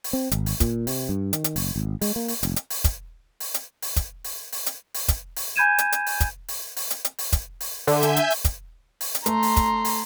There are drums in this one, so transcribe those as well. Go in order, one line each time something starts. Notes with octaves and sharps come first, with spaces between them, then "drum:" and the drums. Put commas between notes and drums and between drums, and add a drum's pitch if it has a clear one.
drum: open hi-hat
C4
G#1, drum: hi-hat
drum: open hi-hat
A#2, drum: kick, hi-hat
C3, drum: open hi-hat
G2
D#3, drum: hi-hat
drum: hi-hat
F#1, drum: open hi-hat
G#1
G#3, drum: open hi-hat
A#3
drum: open hi-hat
F1, drum: hi-hat
drum: hi-hat
drum: open hi-hat
drum: kick, hi-hat
drum: open hi-hat
drum: hi-hat
drum: open hi-hat
drum: kick, hi-hat
drum: open hi-hat
drum: open hi-hat
drum: hi-hat
drum: open hi-hat
drum: kick, hi-hat
drum: open hi-hat
G#5 B5 G6 G#6 D#7 E7
drum: hi-hat
drum: hi-hat
drum: open hi-hat
drum: kick, hi-hat
drum: open hi-hat
drum: open hi-hat
drum: hi-hat
drum: hi-hat
drum: open hi-hat
drum: kick, hi-hat
drum: open hi-hat
D3 E5 G#5 G6, drum: open hi-hat
drum: hi-hat
drum: hi-hat
drum: open hi-hat
drum: kick, hi-hat
drum: open hi-hat
drum: hi-hat
A3 A#5 C6, drum: hi-hat
drum: open hi-hat
drum: kick, hi-hat
drum: open hi-hat